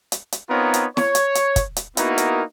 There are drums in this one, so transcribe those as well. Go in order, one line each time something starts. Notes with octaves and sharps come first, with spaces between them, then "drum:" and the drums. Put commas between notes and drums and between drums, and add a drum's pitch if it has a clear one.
drum: hi-hat
drum: hi-hat
B3 C4 D#4 F4 A#4 C#5
drum: hi-hat
C#5, drum: snare
drum: hi-hat
drum: hi-hat
drum: kick, hi-hat
drum: hi-hat
A#3 B3 D#4 E4 F#4 A#4, drum: hi-hat
drum: hi-hat